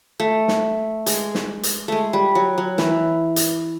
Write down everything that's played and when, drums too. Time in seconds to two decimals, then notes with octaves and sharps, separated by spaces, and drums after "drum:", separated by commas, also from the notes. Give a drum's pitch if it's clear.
0.20 A3
0.48 drum: snare
1.06 G#3, drum: hi-hat
1.35 drum: snare
1.63 drum: hi-hat
1.88 G#3 A3
2.13 G3
2.35 F#3
2.58 F#3
2.78 E3, drum: snare
3.36 drum: hi-hat